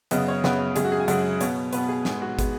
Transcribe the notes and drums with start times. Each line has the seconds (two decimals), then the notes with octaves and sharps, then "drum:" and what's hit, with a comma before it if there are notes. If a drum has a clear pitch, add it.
0.11 F#2 C#3 B3 D#5, drum: hi-hat
0.28 C#5
0.44 F#2 C#3 B3 B4, drum: snare
0.76 F#2 C#3 G#3 G#4, drum: hi-hat
0.85 F#4
0.92 G#4
1.00 G#5
1.08 F#2 C#3 G#3 F#5, drum: hi-hat
1.41 B2 B3 C#5, drum: hi-hat
1.73 B2 B3 B4, drum: hi-hat
1.89 G#4
2.05 G#2 G#3 B3 G#4, drum: snare
2.22 F#4
2.39 G#3 B3, drum: kick, hi-hat